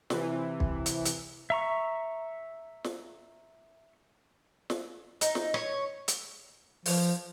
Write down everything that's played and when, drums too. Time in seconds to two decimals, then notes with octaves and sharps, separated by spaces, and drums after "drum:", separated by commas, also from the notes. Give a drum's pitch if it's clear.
0.10 C3 E3, drum: snare
0.60 drum: kick B1
0.86 drum: hi-hat
1.05 drum: hi-hat
1.50 E5 A#5 C#6
2.84 drum: snare
4.70 drum: snare
5.21 D#4, drum: hi-hat
5.35 drum: snare
5.54 C#5, drum: rim click
6.08 drum: hi-hat
6.86 F3, drum: open hi-hat